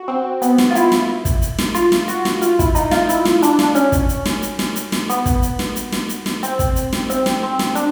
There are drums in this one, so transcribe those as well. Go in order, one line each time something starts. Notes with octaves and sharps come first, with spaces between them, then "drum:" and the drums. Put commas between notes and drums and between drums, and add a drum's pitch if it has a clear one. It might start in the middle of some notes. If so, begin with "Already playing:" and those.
Already playing: F#4
C4
B3, drum: hi-hat
drum: snare
F4
E4, drum: hi-hat
drum: snare
drum: kick, hi-hat
drum: hi-hat
drum: snare
F4, drum: hi-hat
drum: snare
F#4, drum: hi-hat
drum: snare
F4, drum: hi-hat
E4, drum: kick, hi-hat
D#4, drum: hi-hat
F4, drum: snare
E4, drum: hi-hat
drum: snare
D4, drum: hi-hat
drum: snare
C#4, drum: hi-hat
drum: kick, hi-hat
drum: hi-hat
drum: snare
drum: hi-hat
drum: snare
drum: hi-hat
drum: snare
B3, drum: hi-hat
drum: kick, hi-hat
drum: hi-hat
drum: snare
drum: hi-hat
drum: snare
drum: hi-hat
drum: snare
C4, drum: hi-hat
drum: kick, hi-hat
drum: hi-hat
drum: snare
C4, drum: hi-hat
drum: snare
C4
drum: snare
D4, drum: hi-hat